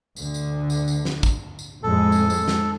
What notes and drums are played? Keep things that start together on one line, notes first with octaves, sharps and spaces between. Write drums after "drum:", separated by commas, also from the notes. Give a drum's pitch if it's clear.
D2 D3, drum: tambourine
drum: tambourine
drum: tambourine
drum: tambourine
drum: snare
drum: kick, tambourine
drum: tambourine
F2 A2 G#3 A4
drum: tambourine
drum: tambourine
drum: snare